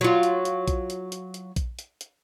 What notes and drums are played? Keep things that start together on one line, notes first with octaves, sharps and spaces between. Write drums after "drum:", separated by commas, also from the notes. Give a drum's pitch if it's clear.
F#3 F4
drum: hi-hat
drum: hi-hat
drum: kick A#1, hi-hat
drum: hi-hat
drum: hi-hat
drum: hi-hat
drum: kick A#1, hi-hat
drum: hi-hat
drum: hi-hat